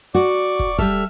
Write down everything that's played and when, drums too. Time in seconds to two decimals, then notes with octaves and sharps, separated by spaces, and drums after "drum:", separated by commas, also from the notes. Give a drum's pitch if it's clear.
0.15 F#4 D5 C#6
0.59 drum: kick
0.78 G3 A4 E5 F6, drum: kick